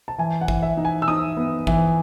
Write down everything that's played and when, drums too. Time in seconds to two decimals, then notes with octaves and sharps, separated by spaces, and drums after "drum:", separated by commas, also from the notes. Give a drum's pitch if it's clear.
0.08 A5
0.18 E3 G#5
0.41 F#5
0.48 E3, drum: kick
0.62 E5
0.77 D#4
0.85 G#5
1.02 E6
1.08 D#4 D#6
1.37 B3
1.67 E3, drum: kick